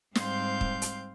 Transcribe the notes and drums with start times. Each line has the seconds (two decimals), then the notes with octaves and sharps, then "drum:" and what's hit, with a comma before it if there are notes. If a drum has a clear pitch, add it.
0.15 G#2 G3 C4 F5 C6 G6, drum: snare
0.61 drum: kick
0.82 drum: hi-hat